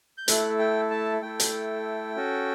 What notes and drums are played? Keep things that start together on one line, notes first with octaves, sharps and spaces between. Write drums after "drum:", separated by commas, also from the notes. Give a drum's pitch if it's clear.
G6
A3 E4 A4 F#6, drum: hi-hat
G5
A5
A3 E4 A4 G5
drum: hi-hat
C#4 F#4 A4